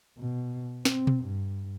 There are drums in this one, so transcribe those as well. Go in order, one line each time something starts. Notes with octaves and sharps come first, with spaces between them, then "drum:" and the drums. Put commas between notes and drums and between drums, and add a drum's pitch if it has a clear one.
B2
C4, drum: snare
drum: tom B2
G2